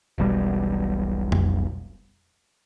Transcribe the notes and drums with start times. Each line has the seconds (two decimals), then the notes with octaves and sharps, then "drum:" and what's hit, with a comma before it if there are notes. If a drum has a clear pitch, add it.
0.18 E1 B1 G3
1.32 drum: tom F2